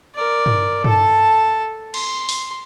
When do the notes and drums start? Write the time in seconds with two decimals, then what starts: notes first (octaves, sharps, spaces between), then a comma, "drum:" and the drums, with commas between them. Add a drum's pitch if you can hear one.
0.15 A#4 D5
0.46 drum: tom G2
0.84 A4 A5, drum: tom G2
1.94 C6, drum: cymbal
2.29 drum: open hi-hat